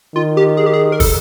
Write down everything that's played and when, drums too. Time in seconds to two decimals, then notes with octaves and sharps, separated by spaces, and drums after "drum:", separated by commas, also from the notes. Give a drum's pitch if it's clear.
0.15 D#3 F4
0.37 G4
0.57 G#4
0.66 G4
0.74 G#4
0.92 A#4
1.00 A4, drum: kick, open hi-hat